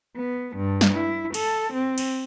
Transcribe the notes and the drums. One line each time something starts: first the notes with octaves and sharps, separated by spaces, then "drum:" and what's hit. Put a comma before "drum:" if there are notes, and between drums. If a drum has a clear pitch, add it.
B3
G2
drum: snare
E4
A4, drum: cymbal
C4
drum: cymbal